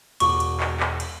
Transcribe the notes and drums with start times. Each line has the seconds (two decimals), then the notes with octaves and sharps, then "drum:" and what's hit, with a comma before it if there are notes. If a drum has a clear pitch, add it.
0.20 E1 F#4 C#6 D6, drum: cymbal
0.40 drum: cymbal
0.60 drum: clap
0.80 drum: clap
1.00 drum: cymbal